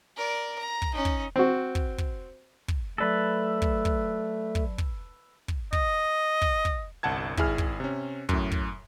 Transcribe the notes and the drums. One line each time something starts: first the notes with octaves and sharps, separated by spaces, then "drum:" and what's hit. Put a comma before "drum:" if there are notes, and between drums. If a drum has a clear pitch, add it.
A#4 D5
A#5
drum: kick
C#4 D#4
drum: kick
C4 F#4
drum: kick
drum: kick
drum: kick
F#3 A3 A4 B4 D5 E6
drum: kick
drum: kick
drum: kick
drum: kick
drum: kick
D#5, drum: kick
drum: kick
drum: kick
G1 C2 F#5 A5 G#6
G#1 E4 G#4 F6, drum: kick
drum: kick
C3 C#4
F#2 A2, drum: kick
drum: kick